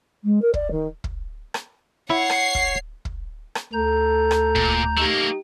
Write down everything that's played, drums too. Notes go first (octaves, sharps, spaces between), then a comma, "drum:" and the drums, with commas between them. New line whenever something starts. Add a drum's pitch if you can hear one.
G#3
A#4
D5, drum: kick
D#3
drum: kick
drum: rim click
E4 C#5 F#5 C7
drum: rim click
drum: kick
drum: kick
drum: rim click
D2 A4 A#5 G6
drum: rim click
A#2, drum: kick
A3 A#3 D#4 G4